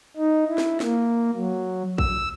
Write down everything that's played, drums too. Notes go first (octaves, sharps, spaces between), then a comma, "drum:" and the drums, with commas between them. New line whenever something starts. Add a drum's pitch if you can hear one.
D#4
E4
drum: snare
A#3, drum: snare
F#3
E6, drum: kick